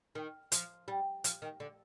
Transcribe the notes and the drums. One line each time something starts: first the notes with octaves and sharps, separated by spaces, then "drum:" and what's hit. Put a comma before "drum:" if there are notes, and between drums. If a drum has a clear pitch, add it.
D#3
F3, drum: hi-hat
G3
F3, drum: hi-hat
D#3
D3